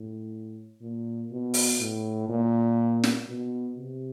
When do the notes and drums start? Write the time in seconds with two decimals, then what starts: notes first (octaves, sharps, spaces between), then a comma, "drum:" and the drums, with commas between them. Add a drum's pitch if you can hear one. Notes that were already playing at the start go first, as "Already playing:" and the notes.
Already playing: A2
0.81 A#2
1.31 B2
1.54 drum: open hi-hat
1.80 A2
2.29 A#2
3.04 drum: snare
3.28 B2
3.78 C3